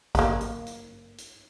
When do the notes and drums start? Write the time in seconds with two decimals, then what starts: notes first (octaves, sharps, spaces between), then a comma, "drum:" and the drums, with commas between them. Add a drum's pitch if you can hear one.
0.15 A#3 B5, drum: kick G#1, hi-hat
0.41 drum: hi-hat
0.67 drum: hi-hat
1.18 drum: hi-hat